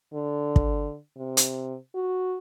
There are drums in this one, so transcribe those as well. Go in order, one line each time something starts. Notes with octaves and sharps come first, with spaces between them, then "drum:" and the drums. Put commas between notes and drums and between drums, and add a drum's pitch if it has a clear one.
D3
drum: kick
C3
drum: hi-hat
F#4